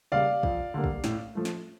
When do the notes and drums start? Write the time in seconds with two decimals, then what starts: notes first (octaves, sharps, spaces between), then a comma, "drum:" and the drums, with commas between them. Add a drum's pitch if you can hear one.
0.12 C#3 G3 A#3 D5 F5
0.43 F2, drum: kick
0.74 D3 G3 A#3
0.84 drum: kick
1.04 A2, drum: snare
1.35 F3 A3
1.45 drum: snare